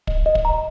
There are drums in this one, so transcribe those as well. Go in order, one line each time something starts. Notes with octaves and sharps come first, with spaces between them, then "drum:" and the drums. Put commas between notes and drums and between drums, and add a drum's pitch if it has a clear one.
D#5, drum: kick
D#5
drum: kick
A#5